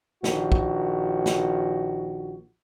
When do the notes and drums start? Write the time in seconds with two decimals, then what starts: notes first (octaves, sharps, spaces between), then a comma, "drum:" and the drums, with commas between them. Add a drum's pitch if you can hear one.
0.24 A#1 D#3 F#4, drum: snare
0.52 drum: kick
1.26 drum: snare